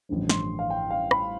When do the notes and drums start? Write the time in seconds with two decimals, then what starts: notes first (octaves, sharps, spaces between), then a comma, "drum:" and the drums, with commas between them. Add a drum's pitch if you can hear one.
0.09 A1 G2 D3 F3
0.29 C6, drum: snare
0.59 F5
0.70 G5
0.90 F5
1.11 B5, drum: rim click